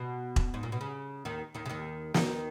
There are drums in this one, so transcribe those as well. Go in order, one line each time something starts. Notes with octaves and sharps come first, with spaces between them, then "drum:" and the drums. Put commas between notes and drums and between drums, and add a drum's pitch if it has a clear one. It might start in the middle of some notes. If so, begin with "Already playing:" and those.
Already playing: B2
drum: kick E1
G#2
A#2
B2
C#3
D#2 D#3
D#2 D#3
C#3
D#2 D#3
D#2 D#3, drum: snare